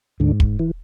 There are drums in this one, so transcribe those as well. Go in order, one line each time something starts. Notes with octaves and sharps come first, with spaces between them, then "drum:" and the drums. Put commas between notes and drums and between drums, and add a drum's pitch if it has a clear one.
D2 G#2 D3
drum: kick
E3